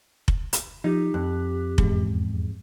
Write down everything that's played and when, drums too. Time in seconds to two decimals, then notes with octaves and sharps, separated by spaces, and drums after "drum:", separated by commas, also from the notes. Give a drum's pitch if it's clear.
0.28 drum: kick F1
0.53 drum: hi-hat
0.84 F3 D#4 G4
1.14 F2 F#6
1.78 E2 G#2 G#3, drum: kick F1